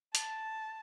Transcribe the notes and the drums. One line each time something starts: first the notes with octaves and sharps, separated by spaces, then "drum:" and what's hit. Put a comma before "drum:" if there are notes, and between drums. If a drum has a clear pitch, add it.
A5, drum: hi-hat